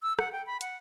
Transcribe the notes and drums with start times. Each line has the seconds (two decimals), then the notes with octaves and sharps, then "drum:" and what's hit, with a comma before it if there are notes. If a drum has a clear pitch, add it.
0.02 E6
0.19 F#5, drum: rim click
0.32 G5
0.46 B5
0.61 F#5, drum: hi-hat